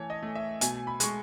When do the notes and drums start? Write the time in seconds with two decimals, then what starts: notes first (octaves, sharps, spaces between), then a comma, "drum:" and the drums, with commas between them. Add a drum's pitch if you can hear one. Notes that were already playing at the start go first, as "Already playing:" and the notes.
Already playing: E3 A3 C#5 G#5 A5
0.10 D#5
0.23 A3
0.35 E5
0.61 B2 G#5, drum: hi-hat
0.87 B5
1.00 G#3 C#6, drum: hi-hat